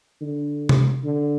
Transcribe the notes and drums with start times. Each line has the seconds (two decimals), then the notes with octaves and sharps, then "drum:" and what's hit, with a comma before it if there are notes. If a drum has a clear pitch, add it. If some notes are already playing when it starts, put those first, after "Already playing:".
0.21 D3
0.69 drum: tom C3
1.04 D3